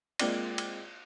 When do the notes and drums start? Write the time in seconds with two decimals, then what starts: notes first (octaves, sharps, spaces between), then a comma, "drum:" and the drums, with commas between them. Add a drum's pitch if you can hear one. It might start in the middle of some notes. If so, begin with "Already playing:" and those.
0.19 G#3 A#3 C4 F4 D5, drum: cymbal
0.58 drum: cymbal